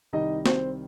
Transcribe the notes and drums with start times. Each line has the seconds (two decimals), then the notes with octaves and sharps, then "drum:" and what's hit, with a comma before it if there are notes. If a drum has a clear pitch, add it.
0.13 C2 C3 D#3 G3 D#4 D#5
0.46 C4 C5, drum: snare